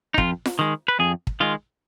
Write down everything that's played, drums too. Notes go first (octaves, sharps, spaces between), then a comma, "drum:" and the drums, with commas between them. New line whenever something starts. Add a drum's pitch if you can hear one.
D#4
F2 F4, drum: kick
drum: snare F4
D#3 G#3
B4
F2 G#4
drum: kick
D#3 G#3 F4